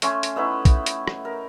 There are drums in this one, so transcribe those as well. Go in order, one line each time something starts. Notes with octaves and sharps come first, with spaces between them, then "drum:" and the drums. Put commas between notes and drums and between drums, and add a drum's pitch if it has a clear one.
A3 C#4 G#5 C6, drum: hi-hat
drum: hi-hat
A3 B3 D#4 E4
drum: kick, hi-hat
drum: hi-hat
drum: rim click
A#4